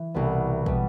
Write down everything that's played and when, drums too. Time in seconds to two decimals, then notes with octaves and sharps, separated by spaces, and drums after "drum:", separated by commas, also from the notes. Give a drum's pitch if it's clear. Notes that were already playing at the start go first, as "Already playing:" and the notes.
Already playing: E3
0.14 C2 B2 G3 B3
0.66 B2 G3 B3, drum: kick